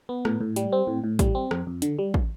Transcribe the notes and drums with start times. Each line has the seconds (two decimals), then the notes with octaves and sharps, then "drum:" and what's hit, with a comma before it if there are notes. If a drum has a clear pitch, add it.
0.09 B3
0.25 A2, drum: rim click
0.41 A2
0.56 G3, drum: hi-hat
0.73 C4
0.87 A2
1.04 A2
1.19 G3, drum: kick, hi-hat
1.35 C4
1.51 F2, drum: rim click
1.67 F2
1.82 D3, drum: hi-hat
1.99 G3
2.14 drum: kick